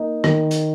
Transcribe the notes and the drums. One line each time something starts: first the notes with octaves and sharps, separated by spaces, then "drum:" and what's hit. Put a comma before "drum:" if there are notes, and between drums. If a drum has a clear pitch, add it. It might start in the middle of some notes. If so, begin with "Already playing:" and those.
Already playing: A#3 D#4
D#3, drum: rim click
drum: hi-hat